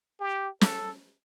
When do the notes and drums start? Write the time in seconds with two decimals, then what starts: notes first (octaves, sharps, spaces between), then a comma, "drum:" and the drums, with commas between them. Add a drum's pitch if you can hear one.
0.20 G4
0.61 A4, drum: snare